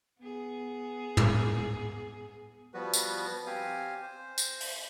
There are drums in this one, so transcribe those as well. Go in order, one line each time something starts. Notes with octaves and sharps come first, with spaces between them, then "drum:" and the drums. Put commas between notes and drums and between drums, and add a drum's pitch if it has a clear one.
B3 G#4
drum: tom
F3 G3 B3 F#4 B4
drum: tambourine
C4 G4 F5 G#5
C5
drum: tambourine
drum: open hi-hat